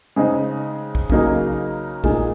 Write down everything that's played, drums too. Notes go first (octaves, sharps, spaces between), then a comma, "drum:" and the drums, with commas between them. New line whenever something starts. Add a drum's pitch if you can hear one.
C#3 G#3 C4 D#4
drum: kick
C#3 F#3 A#3 D#4 G#4, drum: kick
A#2 G#3 D#4 G#4, drum: kick